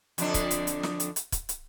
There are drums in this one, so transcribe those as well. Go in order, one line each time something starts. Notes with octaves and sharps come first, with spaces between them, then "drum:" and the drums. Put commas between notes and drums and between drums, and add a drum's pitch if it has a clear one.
F2 D3 D4, drum: hi-hat
drum: kick, hi-hat
drum: hi-hat
drum: hi-hat
drum: snare
drum: hi-hat
drum: hi-hat
drum: kick, hi-hat
drum: hi-hat